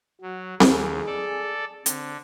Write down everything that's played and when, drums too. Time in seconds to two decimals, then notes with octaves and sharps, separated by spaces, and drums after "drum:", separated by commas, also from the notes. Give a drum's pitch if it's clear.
0.22 F#3 F#4
0.60 D#2 G#4, drum: snare C4
1.06 A4 D5
1.86 D3 C4, drum: hi-hat